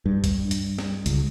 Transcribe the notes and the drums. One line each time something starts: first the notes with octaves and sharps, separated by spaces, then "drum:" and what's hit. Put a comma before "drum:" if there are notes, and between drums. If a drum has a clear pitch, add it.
G2
drum: kick B1, hi-hat
drum: hi-hat
drum: snare
C#2, drum: hi-hat